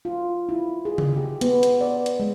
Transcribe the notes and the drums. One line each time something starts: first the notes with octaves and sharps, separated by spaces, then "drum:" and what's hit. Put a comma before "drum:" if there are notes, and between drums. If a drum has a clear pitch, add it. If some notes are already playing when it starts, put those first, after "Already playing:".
F4
E4
G#4
drum: tom C#3
G4
B3, drum: hi-hat
drum: hi-hat
D5
drum: hi-hat
G#3